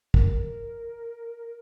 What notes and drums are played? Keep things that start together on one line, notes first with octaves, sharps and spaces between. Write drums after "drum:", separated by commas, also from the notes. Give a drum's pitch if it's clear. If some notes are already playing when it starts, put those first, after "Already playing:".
A#4, drum: kick